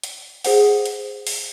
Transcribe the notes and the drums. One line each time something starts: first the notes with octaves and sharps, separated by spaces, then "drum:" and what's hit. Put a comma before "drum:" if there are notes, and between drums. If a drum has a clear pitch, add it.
drum: hi-hat
G#4 C5 F#5, drum: open hi-hat
drum: hi-hat
drum: open hi-hat